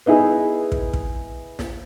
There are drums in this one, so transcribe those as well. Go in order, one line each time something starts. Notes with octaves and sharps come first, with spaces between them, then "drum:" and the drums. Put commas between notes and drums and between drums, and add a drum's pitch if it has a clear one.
B3 D#4 E4 G#4
drum: kick
drum: kick
drum: snare